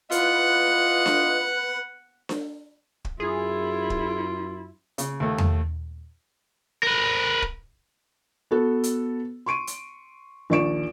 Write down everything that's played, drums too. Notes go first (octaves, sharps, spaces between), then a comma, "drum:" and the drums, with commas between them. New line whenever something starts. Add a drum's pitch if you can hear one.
E4 F4 B4 D#5 F#5 F#6, drum: hi-hat
drum: snare D4
drum: snare D4
drum: kick
F#2 E4 F4 G#4
drum: kick
C#3, drum: hi-hat
D#2 A3
drum: tom E2
A#4 B4
drum: kick
B3 F#4 A4
drum: hi-hat
C6 C#6 D7 D#7
drum: hi-hat
A#1 D#2 D5 C#6 D7 E7